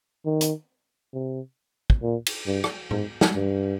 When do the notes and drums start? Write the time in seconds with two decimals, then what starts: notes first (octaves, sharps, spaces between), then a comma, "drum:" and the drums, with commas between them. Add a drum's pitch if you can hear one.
0.26 D#3
0.41 drum: hi-hat
1.13 C3
1.90 drum: kick
2.02 A#2
2.26 drum: cymbal
2.47 G2
2.64 drum: rim click
2.91 G#2, drum: tom A2
3.21 drum: snare
3.35 G2